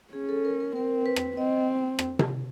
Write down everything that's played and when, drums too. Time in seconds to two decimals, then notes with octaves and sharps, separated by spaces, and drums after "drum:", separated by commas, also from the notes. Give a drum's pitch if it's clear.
0.13 C#4 G#4
0.29 A4
0.45 A#4
0.60 A#4
0.76 C4 A#4
1.06 B4
1.16 drum: rim click
1.36 C4 D#5
1.99 drum: rim click
2.19 drum: tom C3